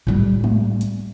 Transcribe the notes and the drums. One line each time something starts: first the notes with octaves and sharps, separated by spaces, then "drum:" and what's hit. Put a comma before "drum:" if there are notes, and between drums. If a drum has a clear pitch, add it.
A2 G3, drum: tom G2
drum: tom G#3
drum: hi-hat